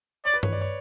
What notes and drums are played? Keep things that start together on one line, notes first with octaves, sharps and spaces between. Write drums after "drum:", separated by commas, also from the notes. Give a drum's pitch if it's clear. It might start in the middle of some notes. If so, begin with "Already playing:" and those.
C#5 D5
B4
C#5, drum: tom G2
D5
C#5